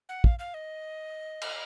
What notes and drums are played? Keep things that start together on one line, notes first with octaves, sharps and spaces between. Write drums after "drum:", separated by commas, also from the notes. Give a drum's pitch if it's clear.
F#5
F5, drum: kick
F5
D#5
drum: cymbal